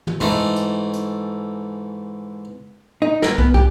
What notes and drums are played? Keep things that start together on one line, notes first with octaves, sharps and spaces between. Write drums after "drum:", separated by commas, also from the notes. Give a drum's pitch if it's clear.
drum: tom
G#2 E3 A3, drum: tom
drum: hi-hat
drum: hi-hat
D#4
A#4, drum: snare
B3, drum: kick
G4, drum: kick